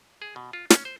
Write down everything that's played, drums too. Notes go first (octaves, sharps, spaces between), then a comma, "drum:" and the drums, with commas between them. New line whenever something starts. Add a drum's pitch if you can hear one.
G#4
B2
F4
C#4, drum: snare
C5